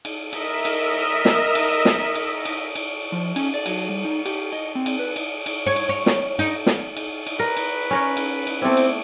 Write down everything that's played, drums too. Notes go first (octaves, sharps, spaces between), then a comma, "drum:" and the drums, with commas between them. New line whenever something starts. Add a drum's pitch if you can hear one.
drum: cymbal
A#4 D#5 E5, drum: cymbal
drum: cymbal
drum: snare
drum: cymbal
drum: snare
drum: cymbal
drum: cymbal
drum: cymbal
F3
C#4, drum: cymbal
D5
F#3, drum: cymbal
G3
D#4
G4, drum: cymbal
D#5
C4
drum: cymbal
B4
drum: cymbal
drum: cymbal
C#5
drum: cymbal
C#5
drum: snare
D#4, drum: cymbal
drum: snare
drum: cymbal
drum: cymbal
A#4 B4
drum: cymbal
C#4 A#4 C#5
drum: cymbal
drum: cymbal
A3 B3 C4 E4 D6
drum: cymbal